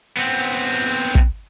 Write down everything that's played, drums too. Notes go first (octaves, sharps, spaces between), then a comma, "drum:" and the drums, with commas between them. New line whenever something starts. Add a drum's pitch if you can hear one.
B3 C4
drum: kick